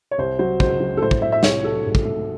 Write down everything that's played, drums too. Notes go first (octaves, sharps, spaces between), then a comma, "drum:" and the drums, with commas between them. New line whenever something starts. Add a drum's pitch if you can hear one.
C#5
C2 C5
F#3 C5
C#2 C5, drum: kick
F#3
A4
A2 C5
drum: kick
A2 E5
E5
C2 C#5, drum: snare
F#3 A4
G#2
drum: kick
A3